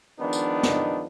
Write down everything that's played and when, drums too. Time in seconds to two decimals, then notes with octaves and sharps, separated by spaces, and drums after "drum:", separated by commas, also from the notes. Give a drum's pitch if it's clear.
0.19 D#3 F3 G#3 B3 D4 D#4
0.33 drum: tambourine
0.63 drum: snare